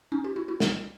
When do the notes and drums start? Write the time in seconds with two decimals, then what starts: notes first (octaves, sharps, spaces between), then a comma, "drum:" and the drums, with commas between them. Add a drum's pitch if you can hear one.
0.12 C#4 D#4
0.24 F4 G4
0.36 E4 F#4
0.48 E4 F#4
0.60 D#4 F4, drum: snare